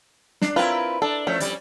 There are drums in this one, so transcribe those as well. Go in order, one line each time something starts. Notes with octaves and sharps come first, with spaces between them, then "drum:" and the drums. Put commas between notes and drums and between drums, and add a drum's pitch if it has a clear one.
D4, drum: snare
C4 E4 F4 A#4 B4
D4 A4
F3 A3 C#4
F2 G3, drum: hi-hat